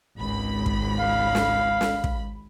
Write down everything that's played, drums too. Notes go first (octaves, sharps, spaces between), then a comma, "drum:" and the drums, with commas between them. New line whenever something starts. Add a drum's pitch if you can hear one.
G#1 C#2 B5
drum: kick
F5
drum: snare
drum: snare
drum: kick